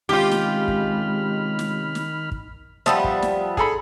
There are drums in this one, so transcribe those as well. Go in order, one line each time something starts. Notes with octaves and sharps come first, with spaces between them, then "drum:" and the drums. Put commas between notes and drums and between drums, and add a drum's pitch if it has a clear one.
C3 D#3 G#3 C#4 F4 G4 B5 F6
drum: snare
drum: kick
drum: snare
drum: snare
drum: kick
F3 G3 B3 E5 A5 D#6, drum: snare
drum: kick
drum: snare
G#4 A4 B5, drum: kick